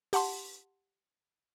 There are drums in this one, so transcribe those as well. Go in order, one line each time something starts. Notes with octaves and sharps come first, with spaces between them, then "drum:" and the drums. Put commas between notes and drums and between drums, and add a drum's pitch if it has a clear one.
G4 F#5 A5 C6, drum: open hi-hat